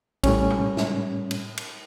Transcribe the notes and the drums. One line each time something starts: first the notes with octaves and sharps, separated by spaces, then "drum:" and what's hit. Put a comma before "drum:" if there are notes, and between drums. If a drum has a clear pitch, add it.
A2 G3 C#4, drum: kick A#1, cymbal
drum: tom B2
drum: snare
drum: cymbal
drum: cymbal